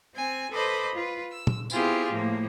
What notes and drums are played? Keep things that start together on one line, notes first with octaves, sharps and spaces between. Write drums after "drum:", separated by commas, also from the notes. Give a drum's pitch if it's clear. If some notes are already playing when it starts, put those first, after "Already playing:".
C4 G#5
A4 B4 C5 D#5 B5 D6
F4 B4
E6
drum: tom A#2
B3 C4 E4 F4 G4 G#4, drum: tambourine
A2 F3 A#3